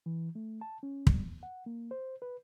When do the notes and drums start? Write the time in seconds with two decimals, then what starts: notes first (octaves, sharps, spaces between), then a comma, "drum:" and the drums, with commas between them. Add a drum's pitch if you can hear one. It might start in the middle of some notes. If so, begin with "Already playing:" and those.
0.06 E3
0.35 A3
0.61 A5
0.83 C#4
1.07 G3, drum: kick
1.22 E2
1.43 F#5
1.66 A#3
1.91 C5
2.22 B4